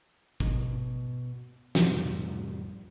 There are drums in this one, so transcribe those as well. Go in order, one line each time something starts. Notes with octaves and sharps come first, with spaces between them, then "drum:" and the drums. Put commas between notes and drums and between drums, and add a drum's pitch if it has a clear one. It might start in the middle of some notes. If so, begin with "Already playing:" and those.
B2, drum: kick G#1
A1 F2 C3 G3, drum: snare